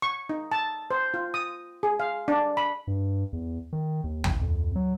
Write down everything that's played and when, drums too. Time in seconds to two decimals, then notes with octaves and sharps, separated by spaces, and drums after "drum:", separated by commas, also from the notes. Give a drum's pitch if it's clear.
0.02 C#6
0.29 D#4
0.52 A5
0.91 C5
1.14 F4
1.34 D#6
1.83 G#4
2.00 F5
2.28 D4
2.57 B5
2.87 G2
3.33 E2
3.73 D#3
4.04 D#2
4.24 A1, drum: tom D#2
4.41 F2
4.76 F#3